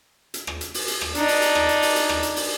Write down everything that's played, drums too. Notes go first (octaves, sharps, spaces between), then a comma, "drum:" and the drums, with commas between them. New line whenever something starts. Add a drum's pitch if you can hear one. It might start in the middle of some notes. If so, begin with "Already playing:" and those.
drum: hi-hat
drum: rim click
drum: hi-hat
drum: open hi-hat
drum: hi-hat
drum: rim click
D4 D#4, drum: hi-hat
drum: open hi-hat
drum: hi-hat
drum: rim click
drum: hi-hat
drum: open hi-hat
drum: hi-hat
drum: rim click
drum: hi-hat
drum: open hi-hat